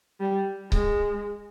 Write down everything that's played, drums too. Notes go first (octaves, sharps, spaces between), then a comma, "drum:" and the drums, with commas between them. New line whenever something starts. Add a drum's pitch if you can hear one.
G3
G#3, drum: kick C#1